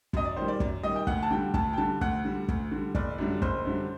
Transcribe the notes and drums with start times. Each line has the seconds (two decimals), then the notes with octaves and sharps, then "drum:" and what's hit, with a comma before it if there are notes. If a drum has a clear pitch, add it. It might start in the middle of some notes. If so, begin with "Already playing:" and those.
0.13 F#2 D#5, drum: kick
0.25 D5
0.36 D#3 G3 C5
0.48 D5
0.60 F#2, drum: kick
0.83 D#3 G3 D#5
0.96 G5
1.07 D2 F#5, drum: kick
1.23 A5
1.31 D3 G3 G5
1.54 D2 A5, drum: kick
1.73 G5
1.77 D3 G3 A5
2.01 D2 F#5, drum: kick
2.25 D3 G3
2.48 D2, drum: kick
2.71 D3 G3
2.95 F#1 D5, drum: kick
3.18 F#2 D3 G3
3.42 F#1 C5, drum: kick
3.65 F#2 D3 G3